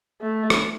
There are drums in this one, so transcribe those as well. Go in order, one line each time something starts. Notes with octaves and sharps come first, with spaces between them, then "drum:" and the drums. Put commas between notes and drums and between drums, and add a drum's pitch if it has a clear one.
A3
drum: rim click